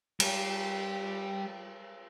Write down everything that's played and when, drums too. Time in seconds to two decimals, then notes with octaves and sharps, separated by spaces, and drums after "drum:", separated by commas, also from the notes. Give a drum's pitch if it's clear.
0.20 G3 G4, drum: cymbal